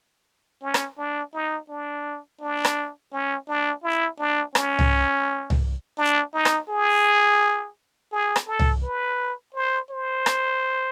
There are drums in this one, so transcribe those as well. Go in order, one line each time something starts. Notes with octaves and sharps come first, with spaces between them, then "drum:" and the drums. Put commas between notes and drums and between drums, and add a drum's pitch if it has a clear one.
C#4
drum: rim click
D4
D#4
D4
D4
drum: rim click
C#4
D4
E4
D4
C#4, drum: rim click
drum: tom
drum: tom
D4
D#4
drum: rim click
G#4
G#4
drum: rim click
A4
drum: tom
B4
C5
C5
drum: rim click